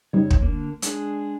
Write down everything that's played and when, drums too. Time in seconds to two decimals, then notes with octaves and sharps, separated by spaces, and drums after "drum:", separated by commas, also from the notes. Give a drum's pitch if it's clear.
0.13 F2 C#3 G3 D#4 C#5
0.30 drum: kick
0.42 D3 A#3
0.82 G#3 D4 G#4, drum: hi-hat